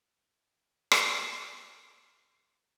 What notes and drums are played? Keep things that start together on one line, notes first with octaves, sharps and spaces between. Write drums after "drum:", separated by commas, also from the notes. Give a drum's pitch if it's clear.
A#3 D5
drum: rim click